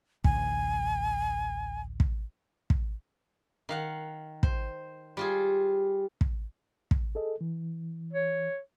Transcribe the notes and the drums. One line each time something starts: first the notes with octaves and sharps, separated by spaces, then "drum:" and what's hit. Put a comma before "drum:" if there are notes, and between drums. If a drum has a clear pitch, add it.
A1 D2 G#5, drum: kick
drum: kick
drum: kick
D#3 F5 F#5
C5, drum: kick
G3 F4 G#4
drum: kick
drum: kick
G#4 A4 D#5
E3
C#5